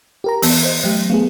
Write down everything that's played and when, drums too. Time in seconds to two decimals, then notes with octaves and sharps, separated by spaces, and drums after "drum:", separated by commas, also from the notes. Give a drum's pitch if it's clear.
0.24 G4 A#4 A#5
0.42 E3 B3, drum: open hi-hat
0.64 C5 D#5
0.84 F#3 A3 G4
1.10 A3 B3 G#4 F5